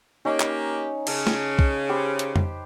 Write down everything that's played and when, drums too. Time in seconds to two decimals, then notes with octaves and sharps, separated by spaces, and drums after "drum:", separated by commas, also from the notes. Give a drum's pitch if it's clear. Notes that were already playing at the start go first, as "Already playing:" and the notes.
0.25 A#3 C#4 D#4 G4 A#5
0.40 drum: clap
1.07 C#3 A5, drum: cymbal
1.27 drum: snare
1.59 drum: kick B1
1.89 G4 B4 C5
2.19 drum: hi-hat
2.36 drum: tom F2